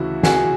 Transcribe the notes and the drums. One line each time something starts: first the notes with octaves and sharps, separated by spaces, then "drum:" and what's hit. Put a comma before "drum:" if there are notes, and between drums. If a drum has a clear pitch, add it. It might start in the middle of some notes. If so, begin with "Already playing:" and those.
Already playing: D2 C#3 E3 E4 F#4
F#4 G#4, drum: snare